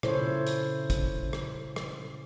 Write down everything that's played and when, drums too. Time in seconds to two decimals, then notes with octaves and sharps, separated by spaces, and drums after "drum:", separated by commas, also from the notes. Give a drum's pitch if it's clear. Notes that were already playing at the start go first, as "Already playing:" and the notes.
0.03 A#2 C#3 E4 A4 C5 C#5, drum: rim click
0.47 drum: hi-hat
0.90 drum: kick, hi-hat
1.33 drum: rim click
1.76 drum: rim click